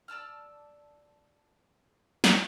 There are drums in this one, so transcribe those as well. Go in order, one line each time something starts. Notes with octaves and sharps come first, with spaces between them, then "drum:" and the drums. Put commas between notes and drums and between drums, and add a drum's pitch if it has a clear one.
D5 A5 E6 F6
drum: snare